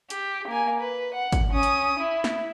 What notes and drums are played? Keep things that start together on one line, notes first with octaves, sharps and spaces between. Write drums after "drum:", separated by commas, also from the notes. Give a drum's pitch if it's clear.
G4, drum: hi-hat
A#3 G#5
B4
F#5
drum: kick, hi-hat
C#4 D#6
drum: hi-hat
E4
drum: snare